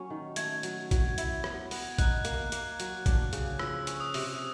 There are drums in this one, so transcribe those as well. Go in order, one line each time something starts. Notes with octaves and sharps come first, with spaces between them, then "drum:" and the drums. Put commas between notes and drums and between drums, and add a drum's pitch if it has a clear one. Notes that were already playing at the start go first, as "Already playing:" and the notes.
Already playing: F#3 A#3 C#4
D#3
A3 G#6, drum: hi-hat
F#3, drum: hi-hat
F#3, drum: kick, hi-hat
E4, drum: hi-hat
B3, drum: rim click
B3, drum: open hi-hat
D#4 F#6, drum: kick, hi-hat
A#3, drum: hi-hat
A#3, drum: hi-hat
F#3, drum: hi-hat
D4, drum: kick, hi-hat
C#3, drum: hi-hat
F3 E6, drum: rim click
C#4, drum: hi-hat
D#6
C3, drum: open hi-hat